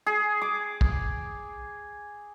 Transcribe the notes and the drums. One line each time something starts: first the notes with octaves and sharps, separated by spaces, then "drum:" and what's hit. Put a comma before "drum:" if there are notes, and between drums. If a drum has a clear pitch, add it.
G#4
D6
drum: kick